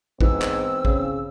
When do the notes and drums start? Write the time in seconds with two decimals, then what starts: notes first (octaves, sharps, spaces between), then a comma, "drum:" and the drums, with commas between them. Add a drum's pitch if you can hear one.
0.21 G#2 E3 B3 C4 E6, drum: kick A1
0.42 drum: clap
0.85 C#3, drum: kick A1